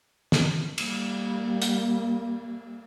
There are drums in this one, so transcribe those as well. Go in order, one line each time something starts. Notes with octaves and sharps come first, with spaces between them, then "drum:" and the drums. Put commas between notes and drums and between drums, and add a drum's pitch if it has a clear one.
drum: snare
G3 A#3, drum: cymbal
drum: hi-hat